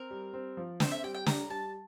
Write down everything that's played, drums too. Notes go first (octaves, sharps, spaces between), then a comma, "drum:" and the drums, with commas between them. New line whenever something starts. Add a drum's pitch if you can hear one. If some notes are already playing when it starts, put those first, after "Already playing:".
Already playing: C4 A#4
G3
C4
F3
C4 C5, drum: snare
E5
G3 G5
G5
D4 A#5, drum: snare
G3 A5